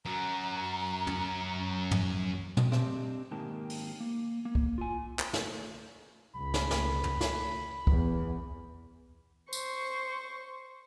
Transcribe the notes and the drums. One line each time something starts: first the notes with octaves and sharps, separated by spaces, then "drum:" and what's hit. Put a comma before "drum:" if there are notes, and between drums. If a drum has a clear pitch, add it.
F#2 F#3 A#5
drum: tom
drum: tom
drum: tom
C4 D4 G4 C5 D#5, drum: rim click
G#2 D#3 A#3 G4 A5
drum: open hi-hat
A#3
A#3
drum: kick
F4 G#5
drum: clap
drum: snare
C#2 B5
drum: snare
drum: snare
drum: tom
drum: snare
E2, drum: kick
C5 C#6, drum: tambourine